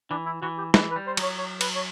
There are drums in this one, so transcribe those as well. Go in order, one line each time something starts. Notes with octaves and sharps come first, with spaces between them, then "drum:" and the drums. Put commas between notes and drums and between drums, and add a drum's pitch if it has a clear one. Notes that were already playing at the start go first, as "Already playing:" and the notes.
E3 D4
E4
E3 F#4
G4
E3 B4, drum: snare
B4
G3
C5
F#3, drum: cymbal
C#5
C#5
B4, drum: cymbal
C#5